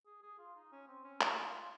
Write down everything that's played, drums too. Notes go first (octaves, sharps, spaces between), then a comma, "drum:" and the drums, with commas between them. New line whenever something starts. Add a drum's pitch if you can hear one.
G#4
G#4
F4
D#4
C#4
C4
C#4
D#4, drum: clap
F4
F4